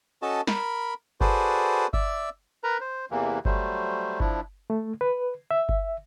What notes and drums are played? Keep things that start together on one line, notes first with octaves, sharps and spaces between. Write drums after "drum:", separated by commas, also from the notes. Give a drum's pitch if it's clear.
C#4 F#4 A4 D#5 A5
A#4 B5, drum: snare
F#4 G#4 A4 B4 C5 D5, drum: kick G1
D5 E5 E6, drum: kick G1
A#4 B4 A#5
C5
E2 C3 E3 A#3
F#3 G3 A3 C5, drum: kick G1
F3 D4 E4, drum: kick G1
A3
B4
E5
drum: kick G1